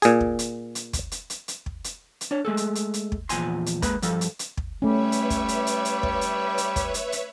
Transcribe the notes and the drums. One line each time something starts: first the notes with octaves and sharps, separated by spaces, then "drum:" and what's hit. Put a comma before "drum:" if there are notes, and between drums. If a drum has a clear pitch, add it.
A#2 G#4, drum: hi-hat
drum: kick
drum: hi-hat
drum: hi-hat
drum: kick, hi-hat
drum: hi-hat
drum: hi-hat
drum: hi-hat
drum: kick
drum: hi-hat
drum: hi-hat
D4 C#5
G#3 A3 G#4 A4
drum: hi-hat
drum: hi-hat
drum: hi-hat
drum: kick
E2 A#2 F3 G#5 C6, drum: hi-hat
drum: hi-hat
G#3 A#3 B4 B5, drum: kick, hi-hat
G2 F3 A4 F5, drum: hi-hat
drum: hi-hat
drum: hi-hat
drum: kick
G3 A3 C#4 B4 C#5 E5
drum: hi-hat
drum: kick, hi-hat
drum: hi-hat
drum: hi-hat
drum: hi-hat
drum: kick
drum: hi-hat
drum: hi-hat
drum: kick, hi-hat
drum: hi-hat
drum: hi-hat